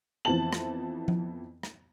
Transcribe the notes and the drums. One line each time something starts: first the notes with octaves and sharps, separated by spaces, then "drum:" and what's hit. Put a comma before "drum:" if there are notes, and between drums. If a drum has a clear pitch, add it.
F2 E3 F3 B3 A5 F#7
drum: rim click
drum: tom F3
drum: rim click